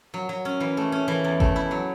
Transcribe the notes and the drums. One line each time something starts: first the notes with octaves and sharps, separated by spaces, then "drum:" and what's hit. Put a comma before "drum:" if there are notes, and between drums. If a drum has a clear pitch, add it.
F#3
F#3
C#4
E3
A3
C#4
E3
E2
A3, drum: kick G#1
E4
F#3